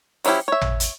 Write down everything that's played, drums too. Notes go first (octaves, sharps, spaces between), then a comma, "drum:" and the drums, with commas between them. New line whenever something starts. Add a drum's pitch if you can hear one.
F3 F#3 C#4 E4 G4, drum: open hi-hat
C#5 E5
drum: tom
drum: hi-hat